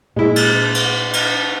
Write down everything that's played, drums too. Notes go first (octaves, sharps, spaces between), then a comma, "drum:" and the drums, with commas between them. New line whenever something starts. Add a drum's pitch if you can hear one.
A#2 G#3 E4
drum: cymbal
drum: cymbal
drum: cymbal